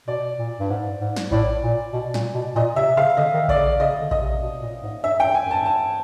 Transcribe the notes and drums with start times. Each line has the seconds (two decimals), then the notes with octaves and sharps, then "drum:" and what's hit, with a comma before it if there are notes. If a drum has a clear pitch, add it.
0.07 B2 D5
0.39 A#2
0.60 G2
0.70 G#2
1.01 G#2
1.16 drum: snare
1.31 A2 D5, drum: kick A#1
1.63 A#2
1.93 B2
2.14 A#2, drum: snare
2.35 B2
2.55 A#2 D#5
2.76 C3 E5
2.97 C#3 F5
3.17 D3 D#5
3.34 D#3
3.49 D3 D5, drum: kick A#1
3.56 C#3
3.64 D3
3.80 C#3 D#5
4.01 D3
4.11 D#5, drum: kick A#1
4.21 C3
4.42 B2
4.62 A#2
4.83 G#2
5.04 G2 E5
5.20 G5
5.25 G2
5.34 G#5
5.45 F#2
5.51 A5
5.61 G#2
5.66 G2 A5